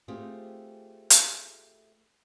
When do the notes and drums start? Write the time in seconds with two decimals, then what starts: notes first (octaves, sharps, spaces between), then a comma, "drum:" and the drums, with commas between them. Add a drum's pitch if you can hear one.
0.08 A3 C4 F4 G4 G#4
1.10 drum: hi-hat